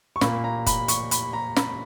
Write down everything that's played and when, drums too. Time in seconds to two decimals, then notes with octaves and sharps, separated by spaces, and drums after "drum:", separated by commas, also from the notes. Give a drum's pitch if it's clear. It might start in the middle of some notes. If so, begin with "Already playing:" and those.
0.16 C#6
0.21 A#2 A#3 B5, drum: snare
0.44 A#5
0.66 B5, drum: kick F#1, hi-hat
0.88 C#6, drum: hi-hat
1.11 B5, drum: hi-hat
1.33 A#5
1.56 B5, drum: snare